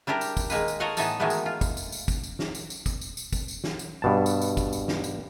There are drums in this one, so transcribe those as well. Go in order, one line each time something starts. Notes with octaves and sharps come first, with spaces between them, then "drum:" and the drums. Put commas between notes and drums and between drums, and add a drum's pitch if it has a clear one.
G3 D4 E4 G4 A#4
drum: tambourine
drum: kick, tambourine
D#3 G#3 A#3 B4, drum: tambourine
drum: tambourine
A4 A#4 C#5 D#5 F5 F#5
A2 E3 B3 D#4 G#5 A5, drum: tambourine
D#3 E3 F#3 G#3 A3 B3
drum: tambourine
F4
drum: kick, tambourine
drum: tambourine
drum: tambourine
drum: kick, tambourine
drum: tambourine
drum: snare
drum: tambourine
drum: tambourine
drum: kick, tambourine
drum: tambourine
drum: tambourine
drum: kick, tambourine
drum: tambourine
drum: snare
drum: tambourine
G2 B2 A5
drum: tambourine
drum: tambourine
drum: kick, tambourine
drum: tambourine
drum: snare
drum: tambourine